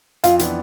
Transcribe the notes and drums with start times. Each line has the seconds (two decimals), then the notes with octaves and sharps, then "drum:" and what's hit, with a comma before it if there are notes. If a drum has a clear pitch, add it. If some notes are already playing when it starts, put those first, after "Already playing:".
0.24 F2 F4, drum: hi-hat
0.39 E3 B3 D4, drum: hi-hat